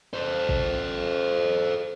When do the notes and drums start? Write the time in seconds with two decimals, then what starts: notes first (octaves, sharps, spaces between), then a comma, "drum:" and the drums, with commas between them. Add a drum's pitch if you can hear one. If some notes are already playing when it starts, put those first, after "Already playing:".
0.13 A4 C5
0.49 drum: kick A1